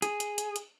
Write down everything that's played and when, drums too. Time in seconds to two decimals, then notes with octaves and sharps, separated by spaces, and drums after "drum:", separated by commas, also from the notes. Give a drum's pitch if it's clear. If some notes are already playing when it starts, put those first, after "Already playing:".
0.02 G#4, drum: hi-hat
0.20 drum: hi-hat
0.38 drum: hi-hat
0.56 drum: hi-hat